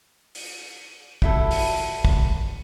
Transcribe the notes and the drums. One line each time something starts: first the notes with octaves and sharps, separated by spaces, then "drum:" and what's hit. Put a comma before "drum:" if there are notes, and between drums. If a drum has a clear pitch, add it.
drum: open hi-hat
F#3 G3 E4 F#4 A4, drum: kick
drum: open hi-hat
drum: kick